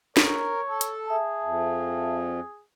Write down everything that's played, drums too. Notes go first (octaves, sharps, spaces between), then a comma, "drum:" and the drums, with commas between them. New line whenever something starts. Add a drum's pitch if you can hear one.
A#4 C#5, drum: snare
A4
drum: hi-hat
G#4 E5 A5
F2